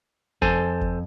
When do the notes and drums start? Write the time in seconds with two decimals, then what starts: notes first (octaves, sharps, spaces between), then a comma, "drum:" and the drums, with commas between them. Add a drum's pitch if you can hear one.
0.42 F2 A4 C5 G#5, drum: kick F#1
0.81 drum: kick F#1